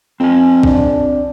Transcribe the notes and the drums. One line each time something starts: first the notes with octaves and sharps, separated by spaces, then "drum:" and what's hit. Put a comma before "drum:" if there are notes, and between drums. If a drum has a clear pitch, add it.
F2 C4 G#5
D4, drum: kick A#1